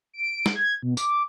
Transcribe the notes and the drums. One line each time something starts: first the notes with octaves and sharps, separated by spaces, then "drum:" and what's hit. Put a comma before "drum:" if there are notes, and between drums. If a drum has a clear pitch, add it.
D7
drum: snare
G#6
B2
D6, drum: tambourine